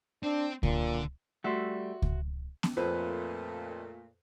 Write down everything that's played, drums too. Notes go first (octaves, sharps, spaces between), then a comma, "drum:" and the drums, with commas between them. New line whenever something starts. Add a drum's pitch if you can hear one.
C4 D4
A#2 D3, drum: kick C#2
G3 A3 F#4 E5 C6
drum: kick C#2
drum: snare B3
F2 A#2 A3 B4 C5